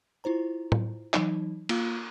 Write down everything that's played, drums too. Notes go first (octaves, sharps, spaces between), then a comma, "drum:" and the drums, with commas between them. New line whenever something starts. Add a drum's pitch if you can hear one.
E4 F4 C5 A#5
drum: tom A2
E3 F#3 D#4, drum: clap
A#3 F4 F5, drum: cymbal